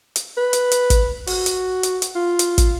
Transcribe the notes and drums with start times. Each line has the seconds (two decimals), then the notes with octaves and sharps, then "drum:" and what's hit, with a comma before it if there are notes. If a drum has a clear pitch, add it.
0.16 drum: hi-hat
0.37 B4
0.53 drum: hi-hat
0.71 drum: hi-hat
0.90 drum: kick, hi-hat
1.27 F#4, drum: open hi-hat
1.46 drum: hi-hat
1.83 drum: hi-hat
2.02 drum: hi-hat
2.15 F4
2.39 drum: hi-hat
2.58 drum: kick, hi-hat